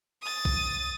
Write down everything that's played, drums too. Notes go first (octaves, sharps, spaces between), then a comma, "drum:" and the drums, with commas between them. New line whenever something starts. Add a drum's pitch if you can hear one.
D#6 A6
drum: kick B1